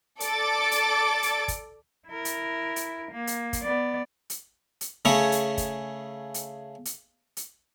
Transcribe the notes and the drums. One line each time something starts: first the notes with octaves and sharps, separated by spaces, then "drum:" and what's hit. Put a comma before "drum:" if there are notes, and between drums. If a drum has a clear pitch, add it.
A4 D5 D6 A6, drum: hi-hat
drum: hi-hat
drum: hi-hat
drum: kick, hi-hat
E4 A#4
drum: hi-hat
drum: hi-hat
A#3
drum: hi-hat
drum: kick, hi-hat
B3 D5
drum: hi-hat
drum: hi-hat
C#3 A3 G#4 C#5
drum: hi-hat
drum: kick, hi-hat
drum: hi-hat
drum: hi-hat
drum: hi-hat